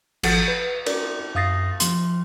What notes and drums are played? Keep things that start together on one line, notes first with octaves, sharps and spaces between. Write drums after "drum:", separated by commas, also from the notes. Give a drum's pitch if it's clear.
G#1 F3 A4 F#5, drum: cymbal
B4
A#4 D5, drum: cymbal
F#2 F5 D#6 A6 A#6 C7
F3 C6, drum: hi-hat